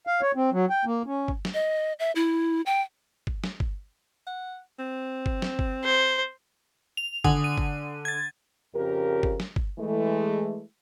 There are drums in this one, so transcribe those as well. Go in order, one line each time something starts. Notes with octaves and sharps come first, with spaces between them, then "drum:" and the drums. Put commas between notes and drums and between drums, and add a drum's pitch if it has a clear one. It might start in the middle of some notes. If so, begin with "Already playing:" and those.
F5
C#5
C4
F#3
G5
A#3
C#4
drum: kick G1
drum: snare
D#5
E5
E4
G5
drum: kick G1
drum: snare
drum: kick G1
F#5
C4
drum: kick G1
drum: snare
drum: kick G1
C5
F7
D3 F#5 G#5 D#6, drum: kick G1
D#7
drum: kick G1
G#6 A6
F2 C#3 G4 A#4
drum: kick G1
drum: snare
drum: kick G1
E3 G#3 A3